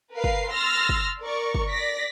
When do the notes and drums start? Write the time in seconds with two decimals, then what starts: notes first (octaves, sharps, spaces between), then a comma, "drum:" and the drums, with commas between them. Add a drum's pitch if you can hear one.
0.15 A#4 B4 F5 C7
0.24 drum: kick
0.52 C6 E6 F6 A6 A#6
0.89 drum: kick
1.22 A#4 D5 C#6
1.55 drum: kick
1.69 D5 A#6 B6